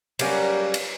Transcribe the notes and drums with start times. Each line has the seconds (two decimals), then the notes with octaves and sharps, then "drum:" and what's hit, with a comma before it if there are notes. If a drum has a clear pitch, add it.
0.19 F#3 G3 A#3 C#4, drum: cymbal
0.74 drum: cymbal